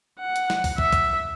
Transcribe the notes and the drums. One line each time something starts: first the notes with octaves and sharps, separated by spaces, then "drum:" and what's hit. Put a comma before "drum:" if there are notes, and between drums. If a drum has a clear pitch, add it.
F#5
drum: hi-hat
drum: snare
drum: kick, open hi-hat
E5, drum: kick
drum: kick, hi-hat